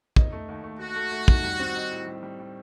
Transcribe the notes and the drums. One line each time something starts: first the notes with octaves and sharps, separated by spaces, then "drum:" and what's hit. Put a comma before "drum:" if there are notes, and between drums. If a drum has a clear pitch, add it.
D#4, drum: kick
A3
D#2
A3
A3 F#4
A3
A3
D#3, drum: kick
G3
C4
D#4
A2
G3
G3
G3